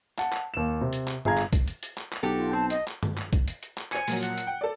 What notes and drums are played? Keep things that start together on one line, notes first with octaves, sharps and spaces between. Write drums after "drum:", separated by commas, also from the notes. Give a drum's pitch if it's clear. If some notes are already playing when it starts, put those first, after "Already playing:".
F#5 A5, drum: clap
drum: clap
D#2 E7
C3
drum: hi-hat
drum: clap
G1 G#4 F5 A#5 G#6, drum: tom
drum: clap
drum: kick, hi-hat
drum: hi-hat
drum: hi-hat
drum: clap
drum: clap
B1 F#4 G4 A4
F4
C4 A5
D#5, drum: hi-hat
drum: clap
drum: tom
drum: clap
drum: kick, hi-hat
drum: hi-hat
drum: hi-hat
drum: clap
C5 G#5 C#7, drum: clap
A#2 F3 F#3, drum: open hi-hat
F#5, drum: hi-hat
drum: hi-hat
G5
A4 D5